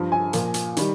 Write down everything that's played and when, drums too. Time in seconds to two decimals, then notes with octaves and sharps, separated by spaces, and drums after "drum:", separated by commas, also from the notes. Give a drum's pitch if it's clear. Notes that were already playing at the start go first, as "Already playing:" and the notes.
Already playing: G2 F3
0.12 G#5
0.33 A#2 F3, drum: hi-hat
0.54 drum: hi-hat
0.77 D#3 G3, drum: hi-hat